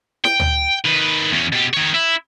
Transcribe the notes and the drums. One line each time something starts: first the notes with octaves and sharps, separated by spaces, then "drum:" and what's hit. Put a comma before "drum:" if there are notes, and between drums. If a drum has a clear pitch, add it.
G5, drum: snare
drum: tom
D#3 B4
E2 C#4
B2 G4
D#3 C#5
E4